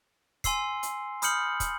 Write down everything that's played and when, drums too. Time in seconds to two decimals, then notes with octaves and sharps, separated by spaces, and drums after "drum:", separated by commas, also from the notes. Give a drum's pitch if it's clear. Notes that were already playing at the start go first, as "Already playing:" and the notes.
0.44 G#5 C6 E6 C7, drum: kick, hi-hat
0.83 drum: hi-hat
1.22 B5 D#6 F6 G6 C#7 F#7, drum: hi-hat
1.60 drum: kick, hi-hat